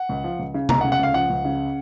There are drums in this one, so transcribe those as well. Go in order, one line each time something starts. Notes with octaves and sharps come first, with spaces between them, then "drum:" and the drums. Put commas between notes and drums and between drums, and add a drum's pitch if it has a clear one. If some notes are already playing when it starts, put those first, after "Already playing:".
Already playing: F#5
C#2
F3
C#2
C#3
C#2 A#5, drum: tom C3
F#5
C#3
F#5
C#2 F5
F3 F#5
C#2
C#3